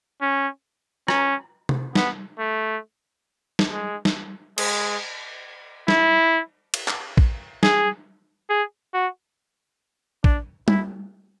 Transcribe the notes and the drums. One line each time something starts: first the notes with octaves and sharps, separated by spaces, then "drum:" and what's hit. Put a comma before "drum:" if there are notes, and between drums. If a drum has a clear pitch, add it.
C#4
C#4, drum: rim click
drum: tom C3
B3, drum: snare
A3
drum: snare
G#3
drum: snare
G#3, drum: cymbal
E4, drum: snare
drum: cymbal
drum: clap
drum: kick
G#4, drum: snare
G#4
F#4
D4, drum: kick
E4, drum: tom G3